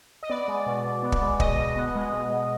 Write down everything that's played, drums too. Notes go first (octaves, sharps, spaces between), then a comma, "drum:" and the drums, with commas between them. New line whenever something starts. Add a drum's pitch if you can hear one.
D#5
B3 D5
G#3
B2
B2
B3
drum: kick
G#3
B2 D#5, drum: kick
B2
B3
G#3
B2
B2